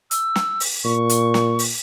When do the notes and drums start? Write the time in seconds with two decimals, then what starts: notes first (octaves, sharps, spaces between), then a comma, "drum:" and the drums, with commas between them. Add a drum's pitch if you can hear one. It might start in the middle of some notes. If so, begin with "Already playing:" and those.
0.11 E6, drum: hi-hat
0.36 drum: snare
0.60 drum: open hi-hat
0.85 A#2 C#6
1.09 drum: hi-hat
1.34 drum: snare
1.59 drum: open hi-hat